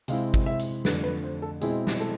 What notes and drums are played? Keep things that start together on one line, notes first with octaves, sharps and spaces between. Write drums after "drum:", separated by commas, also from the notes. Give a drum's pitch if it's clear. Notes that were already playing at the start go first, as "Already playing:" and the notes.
C3 G#3 C4 E4 F5, drum: hi-hat
drum: kick G#1
E5
drum: hi-hat
F2 D3 A3 B4, drum: snare
B4
C5
A4
B2 G#3 C4 E4 G#4, drum: hi-hat
drum: snare
A4